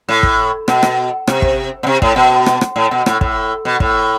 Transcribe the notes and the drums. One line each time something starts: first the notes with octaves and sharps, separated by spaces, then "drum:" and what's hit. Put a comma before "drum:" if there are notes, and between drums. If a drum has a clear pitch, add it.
A2
drum: kick
B2, drum: rim click
drum: rim click
C3, drum: rim click
drum: kick
B2
C3
A2, drum: kick
B2
drum: rim click
drum: rim click
A2
B2
A2, drum: rim click
A2, drum: kick
B2
A2, drum: kick